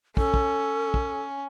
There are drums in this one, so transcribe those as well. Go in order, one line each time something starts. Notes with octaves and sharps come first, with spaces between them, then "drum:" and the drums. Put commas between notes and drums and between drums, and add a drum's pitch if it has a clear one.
C#4 A4, drum: kick
drum: kick
drum: kick